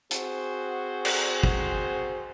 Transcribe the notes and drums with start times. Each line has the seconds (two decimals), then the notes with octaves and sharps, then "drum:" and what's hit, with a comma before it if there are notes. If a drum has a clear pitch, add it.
0.11 C4 F#4 G#4 C5, drum: hi-hat
1.05 drum: cymbal
1.43 drum: kick